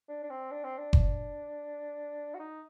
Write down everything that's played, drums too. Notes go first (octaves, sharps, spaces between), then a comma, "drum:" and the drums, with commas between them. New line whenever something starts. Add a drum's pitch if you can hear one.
D4
D4
C4
D4
C4
D4
drum: kick F#1
F#4
D#4